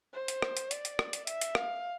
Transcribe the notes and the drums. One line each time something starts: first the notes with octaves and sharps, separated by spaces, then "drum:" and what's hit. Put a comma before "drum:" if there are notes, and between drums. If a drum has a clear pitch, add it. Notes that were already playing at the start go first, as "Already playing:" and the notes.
C5
drum: hi-hat
drum: rim click
drum: hi-hat
D5, drum: hi-hat
drum: hi-hat
drum: rim click
drum: hi-hat
E5, drum: hi-hat
drum: hi-hat
F5, drum: rim click